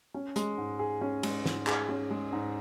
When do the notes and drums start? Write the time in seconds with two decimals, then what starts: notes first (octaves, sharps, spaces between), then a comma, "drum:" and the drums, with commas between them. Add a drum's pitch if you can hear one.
0.14 C#4
0.36 G#3, drum: hi-hat
0.58 G#2
0.79 G#4
1.01 C#4
1.23 G#3, drum: cymbal
1.46 G#2, drum: snare
1.67 G#4, drum: clap
1.89 C#4
2.10 G#3
2.33 G#2